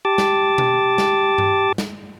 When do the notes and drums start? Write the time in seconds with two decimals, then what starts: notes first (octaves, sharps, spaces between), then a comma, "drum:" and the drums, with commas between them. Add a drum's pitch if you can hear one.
0.05 G4 A5 D6
0.18 drum: snare
0.58 drum: tom B2
0.98 drum: snare
1.38 drum: tom G2
1.78 drum: snare